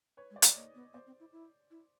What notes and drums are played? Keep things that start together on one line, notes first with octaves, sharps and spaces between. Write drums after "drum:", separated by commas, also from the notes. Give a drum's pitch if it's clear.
B4 C#5
G#3
C5 D5
A3, drum: hi-hat
D5
A#3 C#5 D#5
B3
B3 C5 D5
C4
E4
E4
E4